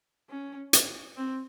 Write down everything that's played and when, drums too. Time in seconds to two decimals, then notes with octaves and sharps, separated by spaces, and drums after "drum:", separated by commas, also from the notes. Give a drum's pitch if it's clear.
0.29 C#4
0.73 drum: hi-hat
1.17 C4